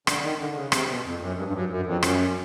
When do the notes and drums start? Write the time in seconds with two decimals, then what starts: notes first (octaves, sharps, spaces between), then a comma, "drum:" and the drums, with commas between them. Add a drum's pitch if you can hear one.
0.07 D3, drum: rim click
0.23 D#3
0.39 D3
0.55 C#3
0.72 C3, drum: rim click
0.88 B2
1.04 F2
1.21 F#2
1.37 G2
1.48 G2
1.53 F#2
1.70 F#2
1.86 F2
2.03 F#2, drum: rim click